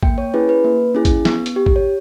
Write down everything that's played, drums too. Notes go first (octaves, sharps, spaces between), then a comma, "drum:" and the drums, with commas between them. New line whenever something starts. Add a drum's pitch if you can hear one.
A#3 G5, drum: kick A1
C#5
C#4 E4 G#4 B4
B4
A#3
C#4 E4 G#4
drum: kick A1, hi-hat
B3, drum: snare
drum: hi-hat
G4
drum: kick A1
C#5